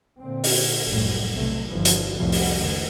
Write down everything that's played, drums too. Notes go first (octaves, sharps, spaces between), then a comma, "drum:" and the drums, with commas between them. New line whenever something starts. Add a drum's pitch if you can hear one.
A#2 D3 C4
drum: open hi-hat
F1 C2 F#2 A2
B1 C3 A3
G1 G2 E3 F3
drum: hi-hat
C2 F2 A2 C3 F3 G3
drum: open hi-hat
F1 C#2 D#3